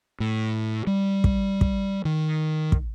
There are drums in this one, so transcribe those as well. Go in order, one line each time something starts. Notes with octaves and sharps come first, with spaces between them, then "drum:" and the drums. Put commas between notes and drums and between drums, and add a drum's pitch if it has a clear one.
A2
G3
drum: kick
drum: kick
D#3
drum: kick